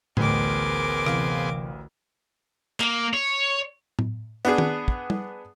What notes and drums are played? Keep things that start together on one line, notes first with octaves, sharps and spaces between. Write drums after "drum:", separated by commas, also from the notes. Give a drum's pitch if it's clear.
A1 D2 B3 G#4 A#4 C5 D6, drum: tom A2
C3 E3 F5, drum: rim click
A#3, drum: clap
C#5
drum: tom A2
B3 D4 G#4, drum: hi-hat
drum: tom D#3
drum: kick
drum: tom